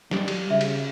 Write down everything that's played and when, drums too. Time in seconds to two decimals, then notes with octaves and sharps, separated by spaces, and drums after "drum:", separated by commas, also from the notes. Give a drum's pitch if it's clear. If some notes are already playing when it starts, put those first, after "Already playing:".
0.11 G3, drum: snare
0.28 drum: cymbal
0.50 C#3 E5
0.61 drum: cymbal